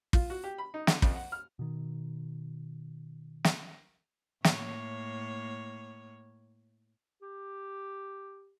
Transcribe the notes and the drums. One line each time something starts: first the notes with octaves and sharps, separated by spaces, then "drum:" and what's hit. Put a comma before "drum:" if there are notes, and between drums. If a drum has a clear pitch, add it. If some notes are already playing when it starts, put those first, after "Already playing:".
F4, drum: kick
F#4
G4
B5
D#4
D3, drum: snare
F2, drum: kick
F#5
F6
B2 D#3
drum: snare
A2 A#3 C#5, drum: snare
G4